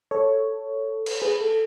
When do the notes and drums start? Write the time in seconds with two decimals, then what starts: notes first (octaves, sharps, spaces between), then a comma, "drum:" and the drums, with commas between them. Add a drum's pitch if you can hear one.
0.11 A4 C#5
1.06 drum: cymbal
1.22 G#4 B4
1.41 A4